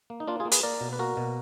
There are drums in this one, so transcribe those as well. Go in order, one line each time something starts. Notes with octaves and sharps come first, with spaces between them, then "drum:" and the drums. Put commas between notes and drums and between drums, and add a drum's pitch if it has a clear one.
A#3
D#4
A#3 D4 F4
F4 G#4
A#3
G#4 B4, drum: hi-hat
A#3 A#4 D5
B2
B4
A#3 F#4 A#4
B2